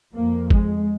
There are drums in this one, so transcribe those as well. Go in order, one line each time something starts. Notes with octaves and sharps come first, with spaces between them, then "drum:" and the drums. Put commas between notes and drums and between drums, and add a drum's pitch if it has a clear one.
F2 A#3
G#3, drum: kick G#1